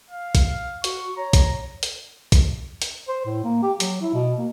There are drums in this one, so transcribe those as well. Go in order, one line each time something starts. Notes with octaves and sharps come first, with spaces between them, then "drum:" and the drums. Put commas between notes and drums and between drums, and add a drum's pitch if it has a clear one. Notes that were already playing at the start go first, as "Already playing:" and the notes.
F5
drum: kick, hi-hat
F#4 C#6, drum: hi-hat
C#5 A#5
drum: kick, hi-hat
drum: hi-hat
drum: kick, hi-hat
drum: hi-hat
C5
A2
A#3
G4
F#3, drum: hi-hat
E4
B2
A#3